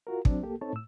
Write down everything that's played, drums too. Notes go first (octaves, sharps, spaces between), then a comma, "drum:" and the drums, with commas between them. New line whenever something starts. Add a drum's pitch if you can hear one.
F4 F#4 A#4
F#3 C4 D4, drum: kick
A#3 G4 A4
C4 D#4 A4 C#5 A5
A2 E6